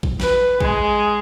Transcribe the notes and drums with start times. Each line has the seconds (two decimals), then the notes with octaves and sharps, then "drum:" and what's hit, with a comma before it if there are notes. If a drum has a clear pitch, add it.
0.03 drum: kick A#1
0.20 B4, drum: snare
0.61 G#3, drum: kick A#1